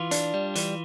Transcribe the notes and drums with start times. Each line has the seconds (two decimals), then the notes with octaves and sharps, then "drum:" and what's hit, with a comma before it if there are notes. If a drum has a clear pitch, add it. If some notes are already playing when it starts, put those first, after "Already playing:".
Already playing: E3 F4
0.11 D4, drum: hi-hat
0.34 G3
0.55 E3, drum: hi-hat